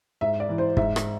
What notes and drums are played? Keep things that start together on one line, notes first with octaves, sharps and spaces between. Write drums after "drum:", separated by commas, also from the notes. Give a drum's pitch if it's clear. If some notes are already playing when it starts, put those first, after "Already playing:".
G#2 E5
D5
E3
C5
G#2 E5, drum: kick
drum: rim click